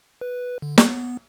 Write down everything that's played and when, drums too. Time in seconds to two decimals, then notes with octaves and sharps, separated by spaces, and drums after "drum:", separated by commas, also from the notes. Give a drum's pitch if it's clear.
0.21 B4
0.62 D3
0.78 B3, drum: snare